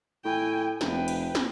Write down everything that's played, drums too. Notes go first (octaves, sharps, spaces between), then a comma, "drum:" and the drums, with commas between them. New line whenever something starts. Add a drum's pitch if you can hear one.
A2 G5 G#5
F1 B4 G5, drum: snare
drum: cymbal
drum: snare